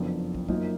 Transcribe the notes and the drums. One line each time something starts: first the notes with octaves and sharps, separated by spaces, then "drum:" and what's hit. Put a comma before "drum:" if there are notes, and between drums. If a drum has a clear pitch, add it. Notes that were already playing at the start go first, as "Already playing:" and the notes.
Already playing: F#1 F2 F3 B3 D4
drum: kick
F#2 F3 A#3 D#4, drum: kick